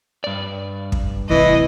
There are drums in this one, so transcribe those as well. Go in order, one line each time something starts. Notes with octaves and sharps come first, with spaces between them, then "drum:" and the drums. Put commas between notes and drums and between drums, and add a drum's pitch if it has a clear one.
G2 D5
drum: kick
D1 C3 E3 D#5